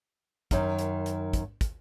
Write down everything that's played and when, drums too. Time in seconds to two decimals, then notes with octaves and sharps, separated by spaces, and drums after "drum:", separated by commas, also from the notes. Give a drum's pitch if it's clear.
0.51 F#2 D#3, drum: kick, hi-hat
0.79 drum: hi-hat
1.06 drum: hi-hat
1.33 drum: kick, hi-hat
1.61 drum: kick, hi-hat